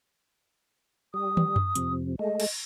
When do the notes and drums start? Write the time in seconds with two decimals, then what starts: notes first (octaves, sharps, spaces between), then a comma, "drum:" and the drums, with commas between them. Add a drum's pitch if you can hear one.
1.14 G3 D#6
1.37 drum: tom
1.56 drum: tom F#2
1.75 F2 C3, drum: hi-hat
2.19 G#3 A3 D#5
2.40 drum: cymbal